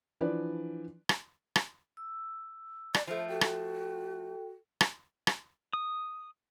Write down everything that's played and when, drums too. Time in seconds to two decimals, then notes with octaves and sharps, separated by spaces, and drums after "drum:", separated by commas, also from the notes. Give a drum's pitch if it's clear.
0.21 E3 F3 D4 B4 D5
1.09 drum: rim click
1.56 drum: rim click
1.97 E6
2.94 D5, drum: rim click
3.07 F3 A3 C5
3.29 F#4 A4 G5
3.41 drum: rim click
4.81 drum: rim click
5.27 drum: rim click
5.73 D#6